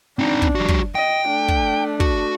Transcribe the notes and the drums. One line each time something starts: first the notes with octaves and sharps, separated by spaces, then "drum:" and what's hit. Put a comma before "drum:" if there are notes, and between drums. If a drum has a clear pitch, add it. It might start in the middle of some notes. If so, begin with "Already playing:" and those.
C4 D4 D#4
drum: kick
G3 F#4
drum: kick
D#5 G5
A3 D4
drum: kick
F#4, drum: kick